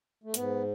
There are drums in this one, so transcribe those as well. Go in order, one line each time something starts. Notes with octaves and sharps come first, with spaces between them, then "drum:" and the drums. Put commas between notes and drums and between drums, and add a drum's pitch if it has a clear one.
A3
G#2 B3, drum: hi-hat